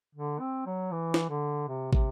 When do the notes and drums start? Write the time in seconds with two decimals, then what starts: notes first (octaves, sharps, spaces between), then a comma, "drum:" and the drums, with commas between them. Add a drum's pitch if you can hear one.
0.15 D3
0.40 C4
0.66 F#3
0.92 E3
1.14 drum: snare
1.29 D3
1.68 C3
1.93 C3, drum: kick